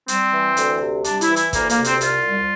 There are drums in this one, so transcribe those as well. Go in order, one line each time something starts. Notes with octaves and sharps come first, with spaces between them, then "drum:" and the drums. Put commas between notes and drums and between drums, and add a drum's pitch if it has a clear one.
G3 C4, drum: hi-hat
E3
D2, drum: hi-hat
C3
G3 D4, drum: hi-hat
E4, drum: hi-hat
E3
E4, drum: hi-hat
D2 A#3, drum: kick, hi-hat
A#3, drum: hi-hat
C3
C4, drum: hi-hat
C2 F4, drum: hi-hat
G3